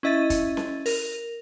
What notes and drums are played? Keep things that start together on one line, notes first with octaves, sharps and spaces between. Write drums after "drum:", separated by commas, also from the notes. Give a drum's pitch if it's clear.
C#4 E4 D#5 E5 A6 D#7
drum: kick, hi-hat
drum: snare C#4
A#4, drum: open hi-hat